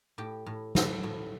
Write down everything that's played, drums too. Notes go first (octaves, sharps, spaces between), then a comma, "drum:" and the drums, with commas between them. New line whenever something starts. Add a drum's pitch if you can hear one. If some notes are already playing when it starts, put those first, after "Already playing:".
A2 G4
A2
A2, drum: snare
A2